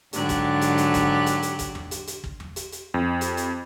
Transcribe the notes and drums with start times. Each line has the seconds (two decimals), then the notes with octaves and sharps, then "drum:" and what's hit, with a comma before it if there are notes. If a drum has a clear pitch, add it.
0.13 G#2 D3 F#3 G4 F#6, drum: hi-hat
0.29 drum: kick, hi-hat
0.61 drum: hi-hat
0.78 drum: hi-hat
0.94 drum: kick, hi-hat
1.26 drum: hi-hat
1.43 drum: hi-hat
1.59 drum: kick, hi-hat
1.75 drum: tom E2
1.91 drum: hi-hat
2.07 drum: hi-hat
2.24 drum: kick
2.40 drum: tom E2
2.56 drum: hi-hat
2.72 drum: hi-hat
2.94 F2
3.21 drum: hi-hat
3.37 drum: hi-hat